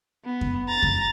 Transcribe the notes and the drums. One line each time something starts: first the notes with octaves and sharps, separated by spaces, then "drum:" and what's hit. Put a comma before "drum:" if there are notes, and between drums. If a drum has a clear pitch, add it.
B3
drum: kick F2
A#5 A6
drum: kick F2